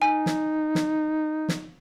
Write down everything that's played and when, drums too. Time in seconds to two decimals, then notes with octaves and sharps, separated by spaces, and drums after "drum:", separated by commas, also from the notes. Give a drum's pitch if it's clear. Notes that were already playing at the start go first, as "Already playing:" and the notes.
0.02 D#4 G#5
0.26 drum: snare
0.75 drum: snare
1.49 drum: snare